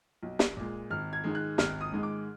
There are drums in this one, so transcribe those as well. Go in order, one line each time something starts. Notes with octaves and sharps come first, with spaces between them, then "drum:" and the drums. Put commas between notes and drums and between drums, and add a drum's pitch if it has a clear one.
B1
drum: snare
A#2 G#3
G#1 F6
G#6
G#2 D#3 G#3
F#6
G#1 F6, drum: snare
D#6
G#2 D#3 G#3
D6